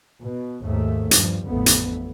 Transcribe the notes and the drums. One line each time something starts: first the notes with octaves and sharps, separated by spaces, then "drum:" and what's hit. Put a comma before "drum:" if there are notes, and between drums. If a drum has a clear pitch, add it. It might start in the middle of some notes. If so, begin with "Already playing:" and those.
B2
D#2 G#2 A3
G2 F3, drum: hi-hat
A1 F2 D3 A3 B3
drum: hi-hat